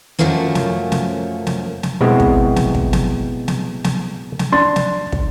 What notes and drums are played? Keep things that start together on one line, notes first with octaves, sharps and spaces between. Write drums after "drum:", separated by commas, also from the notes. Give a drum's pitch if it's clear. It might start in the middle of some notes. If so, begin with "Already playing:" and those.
F#2 F3 F#3 A3 A#3 C#4
drum: snare
drum: snare
drum: snare
drum: snare
B2 G#3 C4 E4 F#4 G4
drum: kick
drum: snare
drum: kick
drum: snare
drum: snare
drum: snare
drum: snare
D4 C6 A6
drum: snare
drum: kick